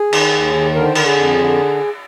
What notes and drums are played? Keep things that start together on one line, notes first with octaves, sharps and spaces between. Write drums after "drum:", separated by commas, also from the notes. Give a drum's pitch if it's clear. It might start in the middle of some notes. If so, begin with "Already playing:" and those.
Already playing: G#4
D#3, drum: cymbal
D#2
D#3
D3 A#4
C5
D3 A#4, drum: cymbal
G#4
F2
D3